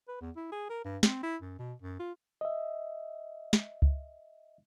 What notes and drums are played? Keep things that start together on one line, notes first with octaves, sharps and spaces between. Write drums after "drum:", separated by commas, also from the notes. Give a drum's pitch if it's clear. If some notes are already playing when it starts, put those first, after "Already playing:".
B4
E2
E4
G#4
A#4
G2
C4, drum: snare
E4
F#2
B2
F#2
F4
D#5 E5
drum: snare
drum: kick C#2